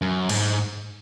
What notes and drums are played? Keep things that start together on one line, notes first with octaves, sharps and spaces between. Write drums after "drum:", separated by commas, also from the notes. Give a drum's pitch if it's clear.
F#2
G#2, drum: cymbal